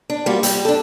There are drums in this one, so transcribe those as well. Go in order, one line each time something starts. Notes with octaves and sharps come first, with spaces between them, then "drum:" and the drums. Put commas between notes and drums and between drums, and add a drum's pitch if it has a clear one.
D4
G3 A#3 F4 F#4
G3, drum: hi-hat
D4 A4